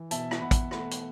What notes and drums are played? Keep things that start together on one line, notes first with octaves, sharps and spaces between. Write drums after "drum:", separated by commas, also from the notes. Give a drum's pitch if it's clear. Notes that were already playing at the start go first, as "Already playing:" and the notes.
Already playing: E3
B2 E5 A5, drum: hi-hat
drum: rim click
B2 F#5 B5
drum: kick, hi-hat
A3 F#5 B5, drum: rim click
drum: hi-hat